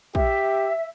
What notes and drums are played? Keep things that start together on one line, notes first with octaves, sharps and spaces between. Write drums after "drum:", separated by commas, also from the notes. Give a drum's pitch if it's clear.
G4 E5, drum: kick